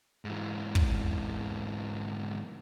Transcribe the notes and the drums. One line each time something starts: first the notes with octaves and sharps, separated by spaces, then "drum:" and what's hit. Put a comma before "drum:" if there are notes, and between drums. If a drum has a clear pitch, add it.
G#2 E3
drum: kick